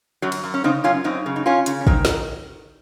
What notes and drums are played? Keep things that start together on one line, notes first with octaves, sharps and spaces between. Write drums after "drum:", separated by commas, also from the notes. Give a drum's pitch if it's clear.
F#2 F#3
drum: cymbal
F#2
C#4
C#3 C4 D#4
F#2 C#4 F4
F#2 C4 D#4
C#3
D#4
C#3 C#4 F4
C#3, drum: hi-hat
C#4
D#3 C4 D#4, drum: kick
drum: snare